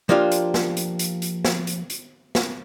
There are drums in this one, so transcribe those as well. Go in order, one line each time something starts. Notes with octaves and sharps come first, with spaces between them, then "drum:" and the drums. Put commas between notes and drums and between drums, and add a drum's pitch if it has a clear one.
F3 A#3 D4 F4 G4
drum: hi-hat
drum: snare
drum: hi-hat
drum: hi-hat
drum: hi-hat
drum: snare
drum: hi-hat
drum: hi-hat
drum: snare